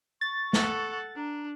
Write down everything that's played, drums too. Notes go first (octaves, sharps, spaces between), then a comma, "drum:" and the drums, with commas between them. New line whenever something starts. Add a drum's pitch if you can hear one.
C#6 A6
A4 F#5, drum: snare
D4 A#5